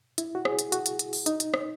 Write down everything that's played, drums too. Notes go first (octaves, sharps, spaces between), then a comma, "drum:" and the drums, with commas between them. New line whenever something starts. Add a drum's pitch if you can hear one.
E4, drum: hi-hat
F#4
G#4, drum: rim click
drum: hi-hat
F#4, drum: hi-hat
drum: hi-hat
drum: hi-hat
drum: open hi-hat
D#4, drum: hi-hat
drum: hi-hat
drum: rim click